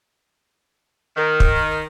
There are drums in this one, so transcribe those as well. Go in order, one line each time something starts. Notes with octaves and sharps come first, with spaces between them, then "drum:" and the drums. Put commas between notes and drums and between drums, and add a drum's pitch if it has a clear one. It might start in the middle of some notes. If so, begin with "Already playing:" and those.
D#3
drum: kick